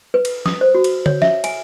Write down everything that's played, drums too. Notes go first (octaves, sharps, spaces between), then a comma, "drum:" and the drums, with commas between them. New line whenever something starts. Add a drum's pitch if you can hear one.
B4
drum: cymbal
D#6, drum: snare
C5
F#4
drum: cymbal
C#5, drum: tom D3
E5, drum: snare
G#5, drum: cymbal